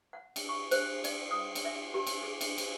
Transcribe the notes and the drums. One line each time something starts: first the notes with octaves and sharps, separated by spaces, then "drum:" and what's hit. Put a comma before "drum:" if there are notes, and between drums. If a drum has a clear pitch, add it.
F#5
drum: cymbal
C#6
C5, drum: cymbal
D5, drum: cymbal
D#6
drum: cymbal
E5
G4
drum: cymbal
G#4
drum: cymbal
drum: cymbal